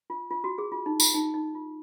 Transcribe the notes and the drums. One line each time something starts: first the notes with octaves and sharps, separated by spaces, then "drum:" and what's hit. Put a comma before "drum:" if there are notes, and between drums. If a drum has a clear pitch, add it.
F4
F4
F#4
G#4
F4
D#4
F4, drum: tambourine
D#4
D#4
F4